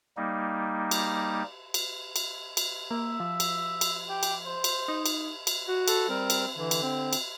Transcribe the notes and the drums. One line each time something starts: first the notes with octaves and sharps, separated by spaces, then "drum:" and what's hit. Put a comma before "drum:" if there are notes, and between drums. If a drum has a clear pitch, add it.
G3 A#3 D#4
drum: cymbal
drum: cymbal
drum: cymbal
drum: cymbal
A#3 E5
F3
drum: cymbal
drum: cymbal
G4
drum: cymbal
C5
drum: cymbal
D#4
drum: cymbal
drum: cymbal
F#4
A4, drum: cymbal
G3 C4 A#4
drum: cymbal
D3 E3
drum: cymbal
C4
drum: cymbal